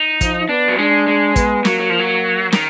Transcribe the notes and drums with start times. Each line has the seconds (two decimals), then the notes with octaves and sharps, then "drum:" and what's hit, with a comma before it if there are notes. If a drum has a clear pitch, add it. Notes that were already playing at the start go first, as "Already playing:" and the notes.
Already playing: D#4
0.21 F3, drum: kick, hi-hat
0.49 B3 D4
0.68 F#3
0.78 G#3 D4
1.07 G#3
1.36 B3, drum: kick, hi-hat
1.65 F#3 A#3, drum: snare
1.79 F#3
1.90 F3
1.99 F#3
2.52 D#3, drum: snare